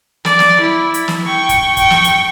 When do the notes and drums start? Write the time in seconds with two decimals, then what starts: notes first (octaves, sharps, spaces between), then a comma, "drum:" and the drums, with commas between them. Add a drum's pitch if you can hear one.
0.25 D5, drum: snare
0.39 drum: snare
0.61 E4
0.94 drum: hi-hat
1.08 drum: snare
1.26 G5 C#6
1.49 drum: kick, hi-hat
1.77 G5 C#6, drum: kick, hi-hat
1.90 drum: snare
2.04 drum: hi-hat